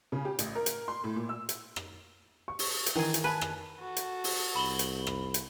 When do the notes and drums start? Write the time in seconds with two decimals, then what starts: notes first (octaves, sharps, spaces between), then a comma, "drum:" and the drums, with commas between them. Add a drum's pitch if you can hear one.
0.12 C#3
0.25 G4
0.39 A1, drum: hi-hat
0.55 A#4
0.66 drum: hi-hat
0.88 C6
1.04 A2
1.16 A#2
1.29 E6
1.49 drum: hi-hat
1.76 drum: rim click
2.48 C#6
2.59 drum: open hi-hat
2.86 drum: hi-hat
2.96 D#3 E3 G#4
3.14 drum: hi-hat
3.24 B4 G#5 A5
3.41 drum: rim click
3.78 F#4 A4
3.96 drum: hi-hat
4.24 drum: open hi-hat
4.56 C2 B5 F#7 G7
4.79 drum: hi-hat
5.07 drum: rim click
5.34 drum: hi-hat